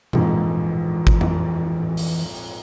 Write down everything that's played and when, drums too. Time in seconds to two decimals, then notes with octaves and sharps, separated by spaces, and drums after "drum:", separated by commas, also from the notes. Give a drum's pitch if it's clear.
0.13 A#1 F2 G#2 E3, drum: tom B2
1.07 drum: kick
1.21 drum: tom F2
1.97 drum: open hi-hat